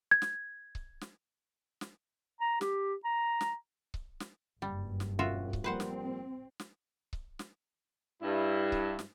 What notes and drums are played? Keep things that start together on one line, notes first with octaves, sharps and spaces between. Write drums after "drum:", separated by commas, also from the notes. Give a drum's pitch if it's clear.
G#6
drum: snare
drum: kick C#1
drum: snare
drum: snare
A#5
G4, drum: snare
A#5
drum: snare
drum: kick C#1
drum: snare
F#1 G2 G3
drum: snare
E1 F#2 F4 F#4 E5
drum: kick C#1
F3 G3 A#3 C4 B4 C5 F#5
drum: snare
drum: snare
drum: kick C#1
drum: snare
G2 E4
drum: kick C#1
drum: snare